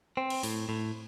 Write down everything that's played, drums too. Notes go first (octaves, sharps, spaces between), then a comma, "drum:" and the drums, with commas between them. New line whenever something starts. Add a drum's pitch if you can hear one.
C4
drum: cymbal
A2, drum: open hi-hat
A2